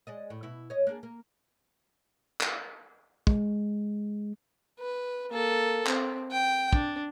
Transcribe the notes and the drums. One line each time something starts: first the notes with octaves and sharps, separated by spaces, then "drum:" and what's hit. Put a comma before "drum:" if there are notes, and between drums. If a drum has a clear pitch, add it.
G#3 D5 D#5
A2
B2 E4
C#5 D#5
A#3 D4 G#4
A#3
drum: clap
G#3, drum: kick
B4
A#3 A4
C4, drum: clap
G5
D4, drum: kick